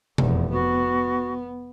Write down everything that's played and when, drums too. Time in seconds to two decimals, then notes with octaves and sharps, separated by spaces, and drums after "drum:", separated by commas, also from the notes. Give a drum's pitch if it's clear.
0.18 F1 E2, drum: tom B2
0.52 B3 F#4